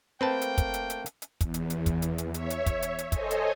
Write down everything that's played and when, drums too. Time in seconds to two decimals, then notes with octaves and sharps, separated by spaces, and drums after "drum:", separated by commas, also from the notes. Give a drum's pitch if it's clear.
0.21 A3 A#3 C4 B4 G5 A5
0.42 drum: hi-hat
0.58 drum: kick, hi-hat
0.74 drum: hi-hat
0.90 drum: hi-hat
1.06 drum: hi-hat
1.22 drum: hi-hat
1.41 E2, drum: kick, hi-hat
1.54 drum: hi-hat
1.70 drum: hi-hat
1.86 drum: kick, hi-hat
2.02 drum: hi-hat
2.18 drum: hi-hat
2.34 C#5 E5, drum: hi-hat
2.50 drum: hi-hat
2.66 drum: kick, hi-hat
2.82 drum: hi-hat
2.99 drum: hi-hat
3.12 A4 C5 C#5 D#5 G#5, drum: kick, hi-hat
3.31 drum: hi-hat